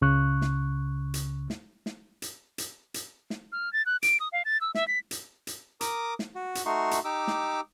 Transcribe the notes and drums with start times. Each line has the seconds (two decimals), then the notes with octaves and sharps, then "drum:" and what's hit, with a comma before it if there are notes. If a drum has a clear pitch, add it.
0.02 C#2 C#3 C#6 F#6
0.41 drum: snare
1.14 drum: hi-hat
1.50 drum: snare
1.86 drum: snare
2.22 drum: hi-hat
2.58 drum: hi-hat
2.94 drum: hi-hat
3.30 drum: snare
3.52 F6
3.73 A6
3.86 F#6
4.03 D7, drum: hi-hat
4.20 D#6
4.32 F5
4.45 A6
4.61 E6
4.75 E5, drum: snare
4.88 B6
5.11 drum: hi-hat
5.47 drum: hi-hat
5.81 A#4 D6 D#6, drum: hi-hat
6.19 drum: snare
6.35 F#4
6.55 drum: hi-hat
6.66 A3 D#4 F#4 C6 C#6
6.91 drum: hi-hat
7.05 D#4 G4 D6 E6
7.27 drum: snare